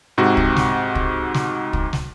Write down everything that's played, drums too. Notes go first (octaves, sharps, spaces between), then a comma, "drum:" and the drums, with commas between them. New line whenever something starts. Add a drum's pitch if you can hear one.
G#2 C3 F#4
drum: kick
drum: snare
drum: kick
drum: snare
drum: kick
drum: snare